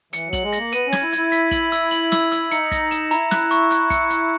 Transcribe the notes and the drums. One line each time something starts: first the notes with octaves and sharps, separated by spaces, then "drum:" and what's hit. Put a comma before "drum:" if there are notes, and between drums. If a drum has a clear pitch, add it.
E3 C#7, drum: hi-hat
F#3
F#7, drum: kick, hi-hat
G#3
A#3 A#6, drum: hi-hat
B3 D#7, drum: hi-hat
C#4
G#6, drum: snare
E4
E4 G#6, drum: hi-hat
B6, drum: hi-hat
F#7, drum: kick, hi-hat
E6, drum: hi-hat
F#7, drum: hi-hat
E6, drum: snare
E6, drum: hi-hat
D#4 C#7, drum: hi-hat
A#6, drum: kick, hi-hat
E7, drum: hi-hat
E4 A#5, drum: hi-hat
F#6, drum: snare
C#6, drum: hi-hat
F#6, drum: hi-hat
C#7, drum: kick, hi-hat
F#6, drum: hi-hat